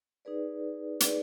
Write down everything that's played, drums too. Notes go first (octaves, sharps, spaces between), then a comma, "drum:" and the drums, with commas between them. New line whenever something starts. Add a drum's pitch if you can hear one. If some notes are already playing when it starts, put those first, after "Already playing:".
D#4 G#4 B4 D5
D#4 G#4 B4 D5, drum: hi-hat